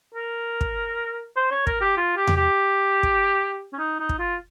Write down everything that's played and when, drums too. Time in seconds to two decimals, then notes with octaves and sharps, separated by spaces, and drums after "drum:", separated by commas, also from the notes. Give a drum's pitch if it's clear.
0.15 A#4
0.61 drum: kick
1.36 C5
1.51 C#5
1.67 A#4, drum: kick
1.81 G4
1.97 F4
2.17 G4
2.27 drum: tom E2
2.37 G4
3.03 drum: kick
3.73 C#4
3.78 D#4
4.00 D#4
4.09 drum: kick
4.19 F4